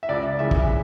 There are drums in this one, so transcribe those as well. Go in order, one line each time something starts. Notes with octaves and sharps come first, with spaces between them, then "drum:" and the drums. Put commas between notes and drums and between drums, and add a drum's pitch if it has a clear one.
E5
C#2 D5
C#3 E3 G#3 E5
drum: kick